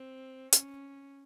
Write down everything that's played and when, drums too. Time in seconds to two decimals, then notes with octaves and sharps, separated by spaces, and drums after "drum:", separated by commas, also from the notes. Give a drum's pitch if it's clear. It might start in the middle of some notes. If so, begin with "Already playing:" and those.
Already playing: C4
0.53 C#4, drum: hi-hat